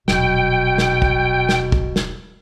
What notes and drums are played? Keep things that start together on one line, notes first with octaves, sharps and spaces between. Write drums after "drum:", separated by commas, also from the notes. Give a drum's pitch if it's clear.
D#1 B2 F#3 G5, drum: snare
drum: snare
drum: kick
drum: snare
drum: kick
drum: snare